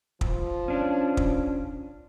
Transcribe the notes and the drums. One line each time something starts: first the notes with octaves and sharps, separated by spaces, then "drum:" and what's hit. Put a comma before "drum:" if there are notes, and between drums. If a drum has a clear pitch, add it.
F3, drum: kick
C#4 D4
drum: kick